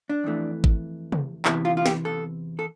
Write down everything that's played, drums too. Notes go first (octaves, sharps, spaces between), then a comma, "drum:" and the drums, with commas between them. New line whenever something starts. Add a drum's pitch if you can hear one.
D4
F2 E3 A3
drum: kick G#1
drum: tom C3
E2 C3 E3 B3 E4, drum: clap
F4
F4
G4, drum: snare
A4
A4